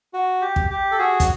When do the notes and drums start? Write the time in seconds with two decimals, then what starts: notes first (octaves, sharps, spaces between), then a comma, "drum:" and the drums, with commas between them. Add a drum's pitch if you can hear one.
0.14 F#4
0.42 G4
0.56 drum: kick
0.70 G4
0.91 A4
0.98 F#4 G#4
1.20 drum: kick, hi-hat